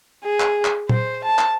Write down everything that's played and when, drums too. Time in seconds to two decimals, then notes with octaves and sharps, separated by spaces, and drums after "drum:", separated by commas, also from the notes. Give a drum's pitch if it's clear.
0.24 G#4
0.40 drum: clap
0.65 drum: clap
0.89 C5, drum: tom A#2
1.25 A5
1.39 drum: clap